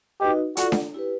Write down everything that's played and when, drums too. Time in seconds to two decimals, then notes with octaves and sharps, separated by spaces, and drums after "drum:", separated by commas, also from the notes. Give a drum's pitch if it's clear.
0.21 D#4 F#4 G4 B4 D#5
0.57 F4 F#4 A4 D5 F#5, drum: hi-hat
0.72 drum: snare D4
0.94 E4 G4 B4